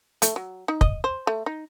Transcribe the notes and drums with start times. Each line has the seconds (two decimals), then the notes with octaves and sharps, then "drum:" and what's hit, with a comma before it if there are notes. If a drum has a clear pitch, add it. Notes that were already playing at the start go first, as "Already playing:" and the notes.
0.22 A3, drum: hi-hat
0.36 F#3
0.68 D#4
0.81 D#5, drum: kick
1.04 C5
1.27 A3
1.46 D#4